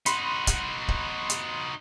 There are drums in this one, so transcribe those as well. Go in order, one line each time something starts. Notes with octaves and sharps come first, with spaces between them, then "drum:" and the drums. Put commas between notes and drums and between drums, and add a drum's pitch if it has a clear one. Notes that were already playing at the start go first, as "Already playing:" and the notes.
D#4 F#4 B5 C6, drum: hi-hat
drum: kick C#1, hi-hat
drum: kick C#1
drum: hi-hat